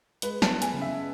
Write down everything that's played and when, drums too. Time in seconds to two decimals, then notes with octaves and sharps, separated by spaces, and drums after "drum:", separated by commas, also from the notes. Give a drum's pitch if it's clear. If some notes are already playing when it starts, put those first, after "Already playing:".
0.22 G#3 B4, drum: hi-hat
0.42 A5, drum: snare
0.48 B3
0.62 G#5, drum: hi-hat
0.73 C#3
0.81 E5